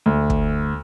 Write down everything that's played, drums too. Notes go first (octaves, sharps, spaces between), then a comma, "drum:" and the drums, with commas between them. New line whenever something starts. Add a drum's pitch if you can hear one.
D2
drum: kick